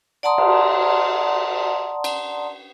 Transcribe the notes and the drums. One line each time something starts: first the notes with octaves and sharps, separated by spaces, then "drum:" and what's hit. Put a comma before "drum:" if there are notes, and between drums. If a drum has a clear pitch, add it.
D5 F#5 A5 A#5 C6 D#6
drum: cymbal
drum: cymbal